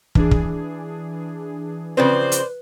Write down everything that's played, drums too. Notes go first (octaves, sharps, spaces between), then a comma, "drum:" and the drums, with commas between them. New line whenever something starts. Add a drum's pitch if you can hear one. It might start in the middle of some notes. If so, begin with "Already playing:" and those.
E3 D4 G#4, drum: kick
drum: kick
C#3 F3 C4 B4 C5 D5
drum: hi-hat